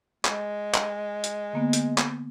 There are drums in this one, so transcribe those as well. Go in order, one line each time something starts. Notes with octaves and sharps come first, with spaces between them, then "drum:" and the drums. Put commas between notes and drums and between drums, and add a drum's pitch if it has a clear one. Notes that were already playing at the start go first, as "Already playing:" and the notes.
G#3, drum: clap
drum: clap
drum: hi-hat
D3 A#3 B3
drum: hi-hat
drum: clap